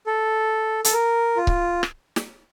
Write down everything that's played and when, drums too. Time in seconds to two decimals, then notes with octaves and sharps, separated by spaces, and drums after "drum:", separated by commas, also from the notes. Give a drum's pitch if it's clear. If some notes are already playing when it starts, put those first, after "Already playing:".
0.07 A4
0.84 A4, drum: hi-hat
0.93 A#4
1.36 F4
1.47 drum: kick C#1
1.83 drum: rim click
2.16 drum: snare